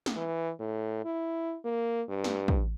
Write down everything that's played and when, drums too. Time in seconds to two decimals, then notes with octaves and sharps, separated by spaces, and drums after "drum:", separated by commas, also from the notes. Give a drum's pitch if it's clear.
0.06 drum: snare
0.16 E3
0.60 A2
1.05 E4
1.65 A#3
2.09 G2
2.24 drum: snare
2.48 drum: kick